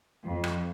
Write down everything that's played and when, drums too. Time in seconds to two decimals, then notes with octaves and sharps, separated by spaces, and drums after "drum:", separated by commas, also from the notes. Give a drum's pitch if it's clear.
0.23 F2
0.44 drum: rim click